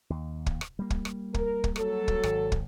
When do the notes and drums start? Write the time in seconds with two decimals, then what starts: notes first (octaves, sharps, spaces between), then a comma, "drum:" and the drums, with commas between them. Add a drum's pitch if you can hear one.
0.10 D#2
0.46 drum: kick
0.61 drum: rim click
0.79 G3 A#3
0.90 drum: kick
1.05 drum: rim click
1.34 A#4, drum: kick
1.64 drum: kick
1.76 F#3 A4, drum: rim click
2.08 drum: kick
2.23 G#1, drum: rim click
2.52 drum: kick